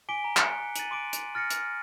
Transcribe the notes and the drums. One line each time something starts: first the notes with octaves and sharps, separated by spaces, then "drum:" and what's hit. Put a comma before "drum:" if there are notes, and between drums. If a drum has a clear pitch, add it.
G#5 D6 B6 D7 G7
A#5
F#6 C#7, drum: clap
A6 D#7 F#7, drum: hi-hat
C6 D6 D7
drum: hi-hat
F6 A6 A#6 C#7
drum: hi-hat